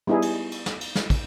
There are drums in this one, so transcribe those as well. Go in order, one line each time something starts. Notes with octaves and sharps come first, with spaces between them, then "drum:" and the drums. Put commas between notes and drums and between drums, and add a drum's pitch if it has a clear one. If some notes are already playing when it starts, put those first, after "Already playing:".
G3 B3 D#4 E4 G#4
drum: cymbal
drum: cymbal
drum: snare
drum: cymbal
drum: snare
drum: kick, cymbal